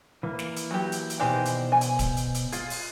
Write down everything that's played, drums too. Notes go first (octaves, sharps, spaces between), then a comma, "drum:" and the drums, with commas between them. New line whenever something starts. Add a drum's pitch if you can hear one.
E3 A#3
drum: snare
drum: hi-hat
F#3 G4
drum: hi-hat
drum: hi-hat
B2 D#3 E3 G4 C5 D5
drum: hi-hat
G#5
drum: hi-hat
drum: kick D1, hi-hat
drum: hi-hat
drum: hi-hat
F4 G#4, drum: hi-hat
drum: open hi-hat